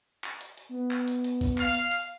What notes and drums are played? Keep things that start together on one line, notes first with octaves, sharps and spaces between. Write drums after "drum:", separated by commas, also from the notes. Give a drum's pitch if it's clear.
drum: clap
drum: hi-hat
drum: hi-hat
B3
drum: clap
drum: hi-hat
drum: hi-hat
drum: kick, open hi-hat
F5, drum: clap
drum: hi-hat
drum: hi-hat